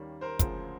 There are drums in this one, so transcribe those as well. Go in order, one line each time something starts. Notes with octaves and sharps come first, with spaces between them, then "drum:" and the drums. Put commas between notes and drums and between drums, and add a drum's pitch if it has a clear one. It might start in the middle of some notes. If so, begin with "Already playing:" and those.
Already playing: D#2 D#3 G3 A#3 C#4
A#4 C5
D2 C#3 F3 G#3, drum: kick, hi-hat